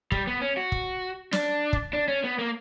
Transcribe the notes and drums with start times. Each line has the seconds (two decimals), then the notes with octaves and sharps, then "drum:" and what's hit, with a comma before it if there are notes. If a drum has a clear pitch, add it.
0.12 G3, drum: kick
0.27 B3
0.41 C#4
0.57 F#4
0.72 drum: kick
1.33 D4, drum: snare
1.73 drum: kick
1.93 D4
2.08 C#4
2.24 B3
2.39 A#3